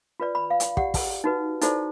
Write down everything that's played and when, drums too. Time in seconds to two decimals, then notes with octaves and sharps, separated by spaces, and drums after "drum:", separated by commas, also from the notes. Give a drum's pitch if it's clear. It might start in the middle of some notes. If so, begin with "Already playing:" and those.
0.20 F4 B4 D5
0.35 B5
0.50 F5
0.60 drum: hi-hat
0.77 G4 D5 F#5, drum: kick
0.94 drum: kick, open hi-hat
1.24 D#4 F#4 B4
1.61 D#4 E4 F#4 A4 C5 D5, drum: hi-hat